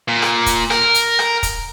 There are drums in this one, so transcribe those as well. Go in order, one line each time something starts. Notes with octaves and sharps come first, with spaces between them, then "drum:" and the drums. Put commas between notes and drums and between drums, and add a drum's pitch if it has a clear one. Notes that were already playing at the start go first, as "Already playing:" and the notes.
A#2
drum: rim click
drum: kick, hi-hat
A#4, drum: rim click
drum: hi-hat
drum: rim click
drum: kick, hi-hat